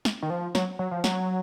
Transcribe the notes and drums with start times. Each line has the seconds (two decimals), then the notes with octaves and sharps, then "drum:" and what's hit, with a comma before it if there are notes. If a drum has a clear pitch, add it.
0.05 drum: snare
0.22 D#3
0.30 F3
0.55 F#3, drum: snare
0.79 F#3
0.91 F3
1.04 F#3, drum: snare